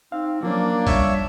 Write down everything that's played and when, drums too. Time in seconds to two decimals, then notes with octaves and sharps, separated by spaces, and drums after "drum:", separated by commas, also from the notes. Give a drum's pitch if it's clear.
0.12 C4 D#4 F5
0.43 F3 F#3 A#3 C#4 D4
0.87 G3 C#5 E5 F5, drum: kick A1, open hi-hat